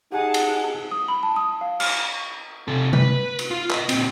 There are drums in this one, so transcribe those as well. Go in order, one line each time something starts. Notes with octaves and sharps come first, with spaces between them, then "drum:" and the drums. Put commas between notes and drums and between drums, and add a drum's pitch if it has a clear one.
D#4 G4 G#4 F#5 G#5 A5
drum: cymbal
D#6
B5
A5
D#6
F5
F6, drum: cymbal
C3 A4
B4, drum: tom C3
drum: cymbal
F4
B4 D#5, drum: clap
A#2 C4, drum: cymbal